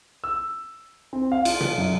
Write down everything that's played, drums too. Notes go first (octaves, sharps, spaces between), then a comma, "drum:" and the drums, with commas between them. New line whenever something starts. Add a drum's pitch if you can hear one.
E6
C4
F5
F4, drum: cymbal
drum: tom B2
F#2